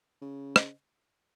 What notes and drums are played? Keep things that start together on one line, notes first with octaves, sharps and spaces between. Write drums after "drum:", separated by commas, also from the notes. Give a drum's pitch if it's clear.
C#3
drum: rim click